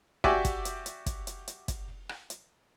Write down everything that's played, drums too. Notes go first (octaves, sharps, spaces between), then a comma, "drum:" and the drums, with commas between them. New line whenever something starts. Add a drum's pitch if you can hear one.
F#4 G4 D5 E5 G5 G#5, drum: kick
drum: kick, hi-hat
drum: hi-hat
drum: hi-hat
drum: kick, hi-hat
drum: hi-hat
drum: hi-hat
drum: kick, hi-hat
drum: rim click
drum: hi-hat